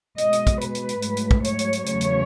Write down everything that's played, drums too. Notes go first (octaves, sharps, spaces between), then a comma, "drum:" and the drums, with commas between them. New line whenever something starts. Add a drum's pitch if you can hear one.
B2 G#3 D#5, drum: hi-hat
drum: hi-hat
drum: kick, hi-hat
B4, drum: hi-hat
drum: hi-hat
drum: hi-hat
G#2 F#3 A3, drum: hi-hat
drum: hi-hat
drum: kick
C#5, drum: hi-hat
drum: hi-hat
drum: hi-hat
E2 C#3 F#3 A3 C#5, drum: hi-hat
drum: hi-hat